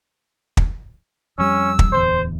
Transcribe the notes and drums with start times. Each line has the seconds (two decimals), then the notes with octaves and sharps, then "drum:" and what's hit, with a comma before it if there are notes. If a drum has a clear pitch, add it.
0.57 drum: kick
1.38 F2 G3 C#4 E6
1.79 drum: kick
1.92 D1 E2 C5